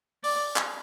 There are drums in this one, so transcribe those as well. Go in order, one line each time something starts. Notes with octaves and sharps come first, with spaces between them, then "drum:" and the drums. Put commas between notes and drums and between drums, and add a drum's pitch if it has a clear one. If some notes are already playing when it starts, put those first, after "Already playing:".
D5, drum: open hi-hat
drum: clap